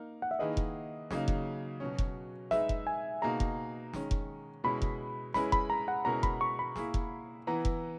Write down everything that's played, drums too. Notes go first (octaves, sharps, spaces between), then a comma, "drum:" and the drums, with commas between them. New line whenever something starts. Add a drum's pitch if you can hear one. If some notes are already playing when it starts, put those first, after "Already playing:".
Already playing: A#3 D#4 A#4
F#5
E5
D#3 A#3 E4 G#4 B4 D#5
drum: kick F1
C#3 F#3 A#3 D#4, drum: snare
drum: kick F1
B2 F#3 C#4
drum: kick F1
G#3 D#4 G#4 B4 E5, drum: snare
drum: kick F1
G#5
B2 A#3 D#4 G#4 A#5
drum: kick F1
D#3 G#3 C#4, drum: snare
drum: kick F1
B2 G#3 C#4 E4 G#4 B5
drum: kick F1
G#3 C#4 E4 G#4 B4 B5, drum: snare
B5, drum: kick F1
A#5
F#5
B2 G#3 C#4 E4 A#4 A#5
B5, drum: kick F1
C#6
B5
A#3 E4 G#4, drum: snare
drum: kick F1
E3 B3 E4 A#5
drum: kick F1